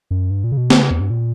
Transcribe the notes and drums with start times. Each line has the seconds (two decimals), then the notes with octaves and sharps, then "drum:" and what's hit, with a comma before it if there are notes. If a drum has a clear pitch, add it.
0.11 F#2
0.31 G2
0.44 A#2
0.52 C#3
0.57 B2
0.70 D3, drum: snare
0.81 C#3
0.91 E2
1.00 G2
1.10 A#2